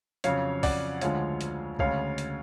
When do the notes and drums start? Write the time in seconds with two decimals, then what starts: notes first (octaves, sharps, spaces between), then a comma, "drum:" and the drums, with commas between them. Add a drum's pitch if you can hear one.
0.24 F2 C#3 F#3 C#5 F5, drum: hi-hat
0.63 D5 F#5, drum: kick, open hi-hat
1.02 D2 D3 F3 G#3 C#5 F5, drum: hi-hat
1.41 drum: hi-hat
1.79 D2 C#3 G#3 C#5 F5, drum: kick
2.18 drum: hi-hat